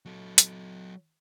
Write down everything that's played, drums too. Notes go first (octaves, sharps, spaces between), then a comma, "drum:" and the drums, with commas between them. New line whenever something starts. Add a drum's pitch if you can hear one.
F#3 A4
drum: hi-hat